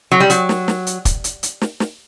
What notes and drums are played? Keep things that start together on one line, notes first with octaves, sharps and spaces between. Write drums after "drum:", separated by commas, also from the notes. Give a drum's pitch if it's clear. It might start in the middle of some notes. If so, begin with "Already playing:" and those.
F#3
G3
F#3, drum: hi-hat
drum: snare
drum: snare
drum: hi-hat
drum: kick, hi-hat
drum: hi-hat
drum: hi-hat
drum: snare
drum: snare